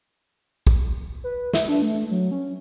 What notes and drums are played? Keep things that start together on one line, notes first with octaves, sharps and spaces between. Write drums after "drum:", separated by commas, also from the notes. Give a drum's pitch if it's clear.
drum: kick
B4
E5, drum: snare
D4
A3
F#3
C#4